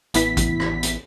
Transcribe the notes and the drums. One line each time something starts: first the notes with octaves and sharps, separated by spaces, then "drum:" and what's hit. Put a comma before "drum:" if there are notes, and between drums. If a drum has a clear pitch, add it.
A1 E3 B3 E4 B6, drum: hi-hat
drum: kick A1, hi-hat
drum: rim click
drum: hi-hat